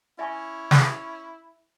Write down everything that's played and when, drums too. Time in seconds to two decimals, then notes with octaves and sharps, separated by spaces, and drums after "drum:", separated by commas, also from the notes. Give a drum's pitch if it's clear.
0.19 C#4 E4 E5 G#5 C#6
0.71 drum: snare